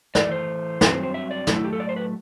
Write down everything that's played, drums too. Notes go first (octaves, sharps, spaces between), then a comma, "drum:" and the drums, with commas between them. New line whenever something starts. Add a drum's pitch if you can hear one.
A2 E3 A3 D5, drum: snare
C5
G2 F#3 C4 B4, drum: snare
C5
C5
E5
D5
A2 F#3 A3, drum: snare
E4
G4
A4
D5
C5
B4